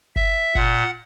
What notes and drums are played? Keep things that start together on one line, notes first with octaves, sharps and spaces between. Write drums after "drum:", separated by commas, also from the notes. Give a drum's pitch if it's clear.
E5, drum: kick F#1
A#2 F#5, drum: kick F#1